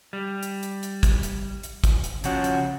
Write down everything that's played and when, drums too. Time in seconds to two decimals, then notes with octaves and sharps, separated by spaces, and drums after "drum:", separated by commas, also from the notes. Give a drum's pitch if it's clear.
0.13 G3
0.43 drum: hi-hat
0.63 drum: hi-hat
0.83 drum: hi-hat
1.03 drum: kick, hi-hat
1.23 drum: hi-hat
1.63 drum: hi-hat
1.84 drum: kick, hi-hat
2.04 drum: hi-hat
2.24 C#3 F3 C#4 F#4, drum: hi-hat
2.44 drum: hi-hat